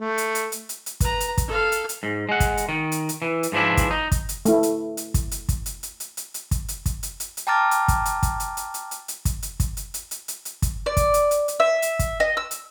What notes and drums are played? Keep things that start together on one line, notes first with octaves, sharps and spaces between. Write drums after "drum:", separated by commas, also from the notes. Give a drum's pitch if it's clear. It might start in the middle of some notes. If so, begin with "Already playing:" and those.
A3
drum: hi-hat
drum: hi-hat
drum: hi-hat
drum: hi-hat
drum: hi-hat
B4 A#5, drum: kick, hi-hat
drum: hi-hat
drum: kick, hi-hat
A4 F5
drum: hi-hat
drum: hi-hat
G#2
G#3 F#5
drum: kick, hi-hat
drum: hi-hat
D#3
drum: hi-hat
drum: hi-hat
E3
drum: hi-hat
G#2 E3 F3 D4 E4
drum: kick, hi-hat
D#4
drum: kick, hi-hat
drum: hi-hat
A3 E4, drum: hi-hat
drum: hi-hat
drum: hi-hat
drum: kick, hi-hat
drum: hi-hat
drum: kick, hi-hat
drum: hi-hat
drum: hi-hat
drum: hi-hat
drum: hi-hat
drum: hi-hat
drum: kick, hi-hat
drum: hi-hat
drum: kick, hi-hat
drum: hi-hat
drum: hi-hat
drum: hi-hat
G5 A5 A#5 D6 F6 A6
drum: hi-hat
drum: kick, hi-hat
drum: hi-hat
drum: kick, hi-hat
drum: hi-hat
drum: hi-hat
drum: hi-hat
drum: hi-hat
drum: hi-hat
drum: kick, hi-hat
drum: hi-hat
drum: kick, hi-hat
drum: hi-hat
drum: hi-hat
drum: hi-hat
drum: hi-hat
drum: hi-hat
drum: kick, hi-hat
D5
drum: kick, hi-hat
drum: hi-hat
drum: hi-hat
drum: hi-hat
E5
drum: hi-hat
drum: kick, hi-hat
D#5
E6
drum: hi-hat